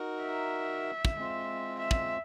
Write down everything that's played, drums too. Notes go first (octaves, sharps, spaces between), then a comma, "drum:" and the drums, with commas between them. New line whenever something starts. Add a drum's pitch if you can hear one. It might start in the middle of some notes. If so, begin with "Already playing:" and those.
Already playing: D#4 F#4 A#4
E5
drum: kick
G#3 C4 F4
E5
drum: kick